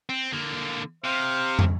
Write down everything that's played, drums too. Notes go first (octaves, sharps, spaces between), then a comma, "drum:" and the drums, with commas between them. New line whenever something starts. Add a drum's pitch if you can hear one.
C4
D3 A#3
C3 C5 F5
drum: tom